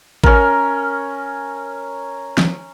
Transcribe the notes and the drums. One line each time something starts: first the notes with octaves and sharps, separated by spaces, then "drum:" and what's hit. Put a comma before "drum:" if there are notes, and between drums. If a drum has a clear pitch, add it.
C#4 A#4, drum: kick A1
drum: snare